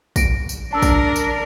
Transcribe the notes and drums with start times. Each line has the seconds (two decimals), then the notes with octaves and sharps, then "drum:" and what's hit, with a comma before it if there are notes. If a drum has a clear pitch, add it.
0.16 A#6 D7, drum: kick, tambourine
0.49 drum: tambourine
0.73 D4 A#4 A5 E6
0.82 drum: kick, tambourine
1.16 drum: tambourine